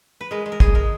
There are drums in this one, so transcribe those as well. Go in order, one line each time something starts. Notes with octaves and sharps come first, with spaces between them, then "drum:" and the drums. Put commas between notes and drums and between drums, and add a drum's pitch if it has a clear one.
B4
G#3 A#4
G#3
A#4
G#3 G#4, drum: kick
G#3 A#4